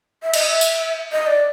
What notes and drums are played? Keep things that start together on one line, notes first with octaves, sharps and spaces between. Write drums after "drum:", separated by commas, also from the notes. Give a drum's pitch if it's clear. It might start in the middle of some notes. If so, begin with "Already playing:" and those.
E5
D#5, drum: cymbal
E5
drum: tambourine
D#5
D5